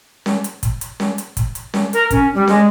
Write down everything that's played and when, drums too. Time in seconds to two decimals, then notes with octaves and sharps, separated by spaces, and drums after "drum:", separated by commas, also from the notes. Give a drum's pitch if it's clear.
0.26 drum: snare C#4
0.44 drum: hi-hat
0.63 drum: kick, hi-hat
0.81 drum: hi-hat
1.00 drum: snare C#4
1.18 drum: hi-hat
1.37 drum: kick, hi-hat
1.55 drum: hi-hat
1.74 drum: snare C#4
1.93 A#4, drum: hi-hat
2.11 C#4, drum: kick, hi-hat
2.34 G3
2.47 G#3, drum: snare C#4